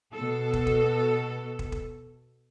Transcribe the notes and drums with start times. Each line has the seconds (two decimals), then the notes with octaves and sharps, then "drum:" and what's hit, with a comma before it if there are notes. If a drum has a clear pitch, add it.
0.14 B2 A4
0.53 drum: kick
0.67 drum: kick
1.59 drum: kick
1.72 drum: kick